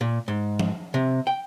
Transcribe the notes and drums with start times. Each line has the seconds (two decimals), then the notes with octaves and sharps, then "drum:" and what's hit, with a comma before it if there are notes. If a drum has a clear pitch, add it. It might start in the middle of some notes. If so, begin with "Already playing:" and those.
0.01 A#2
0.28 G#2
0.59 drum: tom F3
0.94 C3
1.27 G5